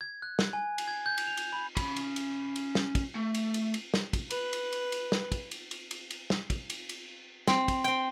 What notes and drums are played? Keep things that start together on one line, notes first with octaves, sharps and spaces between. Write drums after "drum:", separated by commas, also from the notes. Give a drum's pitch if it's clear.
G#6
F#6
drum: snare
G#5
drum: cymbal
G#6
G6
drum: cymbal
F7
drum: cymbal
B5
C#4 B5, drum: kick, cymbal
drum: cymbal
drum: cymbal
drum: cymbal
drum: snare
drum: kick, cymbal
A3
drum: cymbal
drum: cymbal
drum: cymbal
drum: snare
drum: kick, cymbal
B4, drum: cymbal
drum: cymbal
drum: cymbal
drum: cymbal
drum: snare
drum: kick, cymbal
drum: cymbal
drum: cymbal
drum: cymbal
drum: cymbal
drum: snare
drum: kick, cymbal
drum: cymbal
drum: cymbal
C4, drum: snare
drum: kick, cymbal
C4 G5